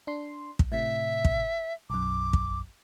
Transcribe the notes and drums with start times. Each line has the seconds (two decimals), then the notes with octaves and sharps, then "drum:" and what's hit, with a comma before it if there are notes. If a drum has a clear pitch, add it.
0.07 D4 C6
0.59 drum: kick
0.72 A2 C3 E5
1.25 drum: kick
1.90 B1 F#2 D6
2.33 drum: kick